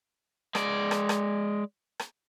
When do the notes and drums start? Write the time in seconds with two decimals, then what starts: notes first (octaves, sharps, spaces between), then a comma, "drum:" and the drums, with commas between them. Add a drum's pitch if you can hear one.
0.55 G#3 D5, drum: rim click
0.91 drum: rim click
1.09 drum: rim click
1.99 drum: rim click